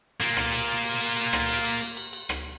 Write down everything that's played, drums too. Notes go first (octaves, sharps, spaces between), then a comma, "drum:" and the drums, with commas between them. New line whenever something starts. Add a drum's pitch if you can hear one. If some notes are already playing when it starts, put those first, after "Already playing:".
A#3 F4, drum: cymbal
drum: rim click
drum: cymbal
drum: cymbal
drum: cymbal
drum: cymbal
drum: rim click
drum: cymbal
drum: cymbal
drum: cymbal
drum: cymbal
drum: cymbal
drum: rim click